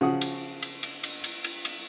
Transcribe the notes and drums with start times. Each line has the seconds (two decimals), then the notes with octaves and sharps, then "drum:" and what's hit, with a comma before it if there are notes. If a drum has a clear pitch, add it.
0.01 C#3 F3 F#4 F#5 D#6
0.21 drum: cymbal
0.62 drum: cymbal
0.83 drum: cymbal
1.03 drum: cymbal
1.24 drum: cymbal
1.44 drum: cymbal
1.65 drum: cymbal